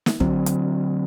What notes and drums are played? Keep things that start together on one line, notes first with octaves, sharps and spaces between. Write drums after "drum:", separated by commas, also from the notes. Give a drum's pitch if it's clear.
drum: snare
D3 F#3 C4, drum: kick
drum: hi-hat